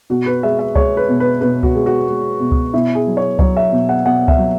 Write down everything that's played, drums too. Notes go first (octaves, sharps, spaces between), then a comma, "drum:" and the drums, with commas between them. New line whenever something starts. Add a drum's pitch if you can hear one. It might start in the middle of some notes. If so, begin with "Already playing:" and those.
B2 F#4
B4
G#3 E5
E5
G#3 C#5, drum: kick C#2
B4
B2
B4
B2 B4
F#4, drum: kick C#2
G#3
F#4
G#3
B2
drum: kick C#2
B2 E4
G#4
F#3
C#5
F#3 C#5, drum: kick C#2
E5
B2
F#5
B2 F#5
E5, drum: kick C#2
F#3